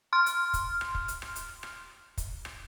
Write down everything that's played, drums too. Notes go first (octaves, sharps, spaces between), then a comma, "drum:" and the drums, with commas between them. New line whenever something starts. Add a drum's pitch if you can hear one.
C6 F6
drum: hi-hat
drum: kick, hi-hat
drum: rim click
drum: kick
drum: hi-hat
drum: rim click
drum: hi-hat
drum: rim click
drum: kick, hi-hat
drum: rim click